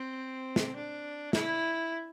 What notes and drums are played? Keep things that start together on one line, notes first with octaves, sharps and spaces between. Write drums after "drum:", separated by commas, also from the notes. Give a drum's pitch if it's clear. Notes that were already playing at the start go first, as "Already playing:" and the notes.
Already playing: C4
drum: snare
D4
E4, drum: snare